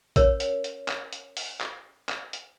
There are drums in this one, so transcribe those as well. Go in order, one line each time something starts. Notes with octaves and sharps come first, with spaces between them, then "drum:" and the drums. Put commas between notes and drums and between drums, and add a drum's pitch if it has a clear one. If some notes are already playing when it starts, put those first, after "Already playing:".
C#4 A#4 C#5, drum: kick, hi-hat
drum: hi-hat
drum: hi-hat
drum: clap
drum: hi-hat
drum: open hi-hat
drum: clap
drum: clap
drum: hi-hat